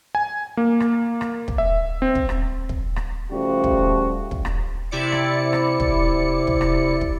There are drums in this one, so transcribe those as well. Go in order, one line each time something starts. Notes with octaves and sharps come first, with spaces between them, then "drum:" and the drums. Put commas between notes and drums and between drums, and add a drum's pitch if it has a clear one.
G#5
A#3
drum: rim click
drum: rim click
drum: kick
E5
C4
drum: kick
drum: rim click
drum: kick
drum: rim click
C#3 F3 G3 A3 F#4
drum: kick
drum: kick
drum: rim click
C3 E4 D5 C#7
drum: rim click
drum: rim click
drum: kick
drum: kick
drum: rim click
drum: kick